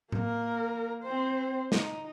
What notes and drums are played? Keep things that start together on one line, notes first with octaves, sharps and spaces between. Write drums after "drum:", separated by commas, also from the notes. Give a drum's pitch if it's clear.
A#3 A#4, drum: tom A2
C4 C5
D#4, drum: snare